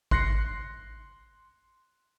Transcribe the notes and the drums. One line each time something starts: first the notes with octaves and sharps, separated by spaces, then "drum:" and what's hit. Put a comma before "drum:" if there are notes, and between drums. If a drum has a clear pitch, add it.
C6 F#6 A#6 C7 C#7, drum: kick G#1